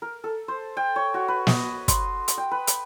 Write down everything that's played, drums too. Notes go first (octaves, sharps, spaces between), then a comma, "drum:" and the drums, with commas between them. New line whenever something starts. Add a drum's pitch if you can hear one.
A#4
A4
C5
G5
C#5
F#4
B4
D#5, drum: snare
C6, drum: kick, hi-hat
drum: hi-hat
G5
B4
drum: hi-hat